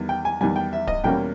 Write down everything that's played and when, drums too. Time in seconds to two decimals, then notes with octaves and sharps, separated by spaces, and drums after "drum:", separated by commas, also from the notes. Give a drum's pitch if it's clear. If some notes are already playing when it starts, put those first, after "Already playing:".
Already playing: E2 D#3 G3
0.09 G5
0.25 G#5
0.41 E2 D#3 G3 G#5
0.56 G5
0.73 E5
0.87 D#5, drum: kick D1
1.04 E2 B2 G3 A#3 C#4 G5